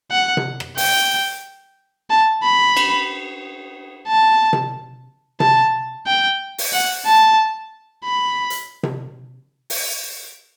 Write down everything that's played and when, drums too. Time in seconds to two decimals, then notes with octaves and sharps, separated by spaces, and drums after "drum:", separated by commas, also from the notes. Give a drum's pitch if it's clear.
0.11 F#5
0.37 drum: tom C3
0.60 drum: rim click
0.78 G5, drum: open hi-hat
2.10 A5
2.43 B5
2.77 drum: cymbal
4.08 A5
4.53 drum: tom C3
5.40 A5, drum: tom C3
6.07 G5
6.58 drum: open hi-hat
6.73 F#5
7.06 A5
8.05 B5
8.50 drum: hi-hat
8.83 drum: tom C3
9.70 drum: open hi-hat